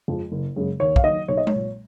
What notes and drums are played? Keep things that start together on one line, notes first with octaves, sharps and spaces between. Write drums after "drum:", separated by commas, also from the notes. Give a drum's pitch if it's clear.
F2 F3 G#3
F#1
F#2 C#3 G#3
D#2 C#5
F5, drum: kick
D#3 F#3 D#5
B1 C#5
D#5
C#5, drum: tom G#3
A#2 F#3